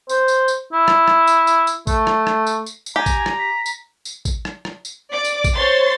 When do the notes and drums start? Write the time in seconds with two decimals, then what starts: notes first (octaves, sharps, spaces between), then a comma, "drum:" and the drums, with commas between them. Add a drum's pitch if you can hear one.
0.09 C5, drum: tambourine
0.28 drum: tambourine
0.48 drum: tambourine
0.73 E4
0.88 drum: rim click
1.08 drum: rim click
1.27 drum: tambourine
1.47 drum: tambourine
1.67 drum: tambourine
1.87 A3, drum: kick A1, tambourine
2.07 drum: rim click
2.27 drum: rim click
2.47 drum: tambourine
2.66 drum: tambourine
2.86 drum: tambourine
2.96 G4 G#5 A#5
3.06 drum: kick A1, tambourine
3.26 drum: rim click
3.39 B6
3.66 drum: tambourine
4.05 drum: tambourine
4.25 drum: kick A1, tambourine
4.45 drum: rim click
4.65 drum: rim click
4.85 drum: tambourine
5.11 D5 D6
5.25 drum: tambourine
5.44 drum: kick A1, tambourine
5.55 C5 C#5 C6 A6